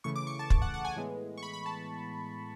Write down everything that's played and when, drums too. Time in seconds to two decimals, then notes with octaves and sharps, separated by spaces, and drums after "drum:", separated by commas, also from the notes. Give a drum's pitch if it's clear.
0.04 C#3 E3 A3 C#6
0.16 D6
0.27 C#6
0.39 A5
0.50 drum: kick
0.62 F#5
0.74 F#5
0.85 G#5
0.96 A2 E3 G#3 B3
1.38 C#6
1.43 B5
1.53 B5
1.66 A5